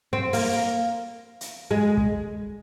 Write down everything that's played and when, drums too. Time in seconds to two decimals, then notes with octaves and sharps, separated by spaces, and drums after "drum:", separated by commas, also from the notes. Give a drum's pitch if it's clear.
0.13 C4
0.33 A#3, drum: open hi-hat
1.41 drum: hi-hat
1.71 G#3
1.97 drum: kick